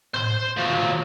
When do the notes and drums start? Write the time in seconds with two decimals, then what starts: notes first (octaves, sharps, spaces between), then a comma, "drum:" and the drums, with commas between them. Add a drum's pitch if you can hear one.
0.14 C5 C6, drum: tom A2
0.58 F3 F#3